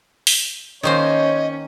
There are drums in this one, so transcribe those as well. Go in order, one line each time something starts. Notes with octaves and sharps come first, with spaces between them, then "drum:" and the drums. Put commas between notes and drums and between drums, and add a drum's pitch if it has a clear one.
drum: open hi-hat
D#3 A#3 C#4 C5 C#5 D#5